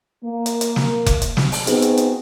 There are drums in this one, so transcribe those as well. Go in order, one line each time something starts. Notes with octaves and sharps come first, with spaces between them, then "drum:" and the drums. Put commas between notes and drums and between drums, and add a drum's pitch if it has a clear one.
A#3
drum: hi-hat
drum: hi-hat
drum: snare
drum: kick F1, hi-hat
drum: hi-hat
drum: snare
drum: open hi-hat
B3 C4 D#4 F#4 G#4, drum: hi-hat
drum: hi-hat
drum: hi-hat